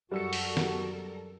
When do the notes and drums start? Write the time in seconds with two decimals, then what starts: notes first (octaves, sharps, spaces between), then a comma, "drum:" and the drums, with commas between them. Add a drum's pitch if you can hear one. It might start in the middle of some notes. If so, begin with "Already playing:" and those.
0.11 F#2 G3 F#4 A4 A#4 E6 C#7
0.33 drum: open hi-hat
0.57 drum: snare